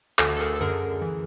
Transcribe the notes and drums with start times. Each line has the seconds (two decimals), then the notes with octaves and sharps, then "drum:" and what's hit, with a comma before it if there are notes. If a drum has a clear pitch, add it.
0.19 D2 D3 A4, drum: clap
0.37 A4
0.40 G#4 A#4
0.55 A4
0.61 F#2 D3 G#4 A#4
1.01 E3